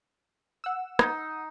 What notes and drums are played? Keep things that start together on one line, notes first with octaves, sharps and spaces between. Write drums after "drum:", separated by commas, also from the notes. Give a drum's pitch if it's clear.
F#5 E6
D#4, drum: rim click